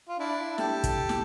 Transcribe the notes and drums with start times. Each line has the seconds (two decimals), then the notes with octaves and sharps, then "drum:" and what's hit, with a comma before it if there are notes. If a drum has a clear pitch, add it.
0.09 F4
0.19 D4 E4
0.58 G4 A4, drum: snare
0.84 drum: kick, hi-hat
1.09 drum: snare